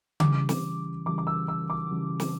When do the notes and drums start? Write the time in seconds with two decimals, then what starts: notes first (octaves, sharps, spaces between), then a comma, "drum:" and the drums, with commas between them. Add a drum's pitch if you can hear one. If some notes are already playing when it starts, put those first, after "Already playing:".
0.20 C#3 E3 G3 D6, drum: tom C#3
0.49 drum: snare
1.06 C#3 E3 G3 D6
1.18 D6
1.27 E6
1.48 E6
1.70 D6
1.91 C#3 E3 G3
2.20 drum: snare